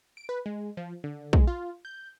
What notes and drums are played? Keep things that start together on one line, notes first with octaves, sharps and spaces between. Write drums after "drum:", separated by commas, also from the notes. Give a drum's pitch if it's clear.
D7
B4
G#3
F3
D3
G#3, drum: kick
F4
G6